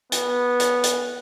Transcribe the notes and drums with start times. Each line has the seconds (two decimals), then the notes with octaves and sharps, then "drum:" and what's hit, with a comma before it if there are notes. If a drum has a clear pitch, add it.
0.12 B3, drum: hi-hat
0.60 drum: hi-hat
0.84 drum: hi-hat